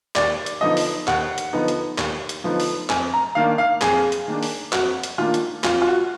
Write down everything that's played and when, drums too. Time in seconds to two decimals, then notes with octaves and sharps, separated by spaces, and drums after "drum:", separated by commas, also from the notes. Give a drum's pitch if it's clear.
0.16 D#2 D5, drum: clap
0.46 drum: hi-hat
0.61 D3 F3 B3 D#4 D#5
0.77 drum: open hi-hat
1.08 D#2 F#5, drum: clap
1.38 drum: hi-hat
1.53 D3 F3 B3 D#4
1.68 drum: hi-hat
1.98 D#2, drum: clap
2.29 drum: hi-hat
2.44 D3 F3 B3 D#4
2.60 drum: open hi-hat
2.90 F2 G#5, drum: clap
3.14 A#5
3.35 D#3 A#3 D4 F5
3.58 F5
3.81 F2 G#4, drum: clap
4.12 drum: hi-hat
4.28 D#3 A#3 D4
4.43 drum: open hi-hat
4.73 F2 F#4, drum: clap
5.03 drum: hi-hat
5.18 D#3 A#3 D4 F4
5.34 drum: hi-hat
5.64 F2 F4, drum: clap
5.82 F4
5.87 F#4